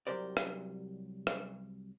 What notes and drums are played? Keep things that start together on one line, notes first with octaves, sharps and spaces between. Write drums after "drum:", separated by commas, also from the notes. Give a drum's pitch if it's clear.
C2 F#3 G4 A#4 C5 D5
drum: rim click
drum: rim click